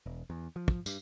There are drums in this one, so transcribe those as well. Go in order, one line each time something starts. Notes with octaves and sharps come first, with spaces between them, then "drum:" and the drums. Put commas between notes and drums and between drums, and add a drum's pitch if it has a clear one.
E1
E2
F3
drum: kick
G2, drum: tambourine